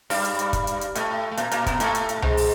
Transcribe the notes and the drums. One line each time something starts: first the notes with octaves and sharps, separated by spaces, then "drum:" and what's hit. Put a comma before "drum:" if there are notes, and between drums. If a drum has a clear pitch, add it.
G2 G3, drum: open hi-hat
drum: hi-hat
drum: hi-hat
drum: kick, hi-hat
drum: hi-hat
drum: hi-hat
A2 A3, drum: hi-hat
A3
A#2 A#3, drum: hi-hat
A#2 A#3, drum: hi-hat
B2 B3, drum: kick, hi-hat
A2 A3, drum: hi-hat
drum: hi-hat
drum: hi-hat
G#2 G#3, drum: tom C2
drum: open hi-hat